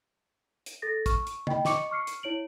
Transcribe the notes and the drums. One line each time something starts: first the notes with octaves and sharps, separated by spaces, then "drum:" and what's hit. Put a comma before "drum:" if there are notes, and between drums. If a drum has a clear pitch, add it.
drum: hi-hat
A4 A6 A#6
C#6 F6, drum: kick, hi-hat
drum: hi-hat
D#5 G5 B5, drum: tom
D#5 C#6 D6 C#7, drum: snare
C#6 F6 C7 C#7
drum: hi-hat
E4 C#5 D7 F#7